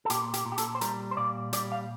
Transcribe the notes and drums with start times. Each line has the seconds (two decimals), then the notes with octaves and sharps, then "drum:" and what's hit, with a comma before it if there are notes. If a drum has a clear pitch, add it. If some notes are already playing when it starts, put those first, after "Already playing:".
0.05 A4
0.10 A#2 G4, drum: hi-hat
0.34 G4, drum: hi-hat
0.46 A#2
0.52 G4
0.58 A4, drum: hi-hat
0.75 C5
0.81 G3 A#4, drum: hi-hat
1.11 C5
1.17 A#2 D5
1.53 G3 D5, drum: hi-hat
1.72 F5